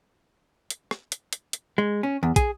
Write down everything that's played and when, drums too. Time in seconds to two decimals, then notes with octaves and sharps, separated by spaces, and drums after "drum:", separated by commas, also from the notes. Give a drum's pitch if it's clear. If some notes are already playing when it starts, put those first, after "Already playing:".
0.70 drum: hi-hat
0.91 drum: rim click
1.12 drum: hi-hat
1.33 drum: hi-hat
1.53 drum: hi-hat
1.78 G#3
2.03 C#4
2.23 E2
2.36 G#4, drum: kick, hi-hat